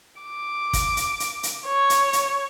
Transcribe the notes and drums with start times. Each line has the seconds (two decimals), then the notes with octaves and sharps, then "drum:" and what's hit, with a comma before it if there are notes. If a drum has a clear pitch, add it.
0.21 D6
0.73 drum: kick, hi-hat
0.97 drum: hi-hat
1.20 drum: hi-hat
1.43 drum: hi-hat
1.66 C#5
1.90 drum: hi-hat
2.13 drum: hi-hat